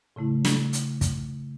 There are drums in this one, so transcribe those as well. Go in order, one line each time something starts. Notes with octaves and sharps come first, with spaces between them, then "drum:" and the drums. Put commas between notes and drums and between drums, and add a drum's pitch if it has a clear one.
A2 C#3 A3 E4
drum: snare
drum: hi-hat
drum: kick, hi-hat